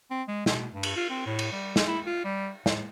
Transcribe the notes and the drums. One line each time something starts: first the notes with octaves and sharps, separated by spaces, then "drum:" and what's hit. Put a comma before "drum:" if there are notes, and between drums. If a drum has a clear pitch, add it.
C4
G#3
B2, drum: snare
G2
drum: cymbal
F4
C4
A2
drum: cymbal
G3
drum: snare
E4
F4
G3
A2, drum: snare